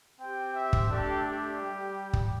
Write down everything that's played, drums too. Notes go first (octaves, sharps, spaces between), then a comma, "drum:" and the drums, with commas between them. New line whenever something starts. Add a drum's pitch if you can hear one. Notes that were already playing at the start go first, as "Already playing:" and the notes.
C4 G4 G5
E5
drum: kick
A3 D4 G4 A4
G4
G3
drum: kick